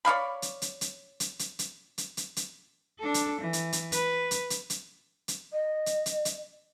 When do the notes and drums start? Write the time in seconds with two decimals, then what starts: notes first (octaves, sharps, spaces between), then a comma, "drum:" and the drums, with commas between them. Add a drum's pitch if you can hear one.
0.05 C#5 D5 F5 B5
0.42 drum: hi-hat
0.62 drum: hi-hat
0.81 drum: hi-hat
1.20 drum: hi-hat
1.39 drum: hi-hat
1.59 drum: hi-hat
1.98 drum: hi-hat
2.17 drum: hi-hat
2.37 drum: hi-hat
2.99 D4 A4
3.14 drum: hi-hat
3.41 E3
3.53 drum: hi-hat
3.73 drum: hi-hat
3.92 B4, drum: hi-hat
4.31 drum: hi-hat
4.50 drum: hi-hat
4.70 drum: hi-hat
5.28 drum: hi-hat
5.53 D#5
5.86 drum: hi-hat
6.06 drum: hi-hat
6.25 drum: hi-hat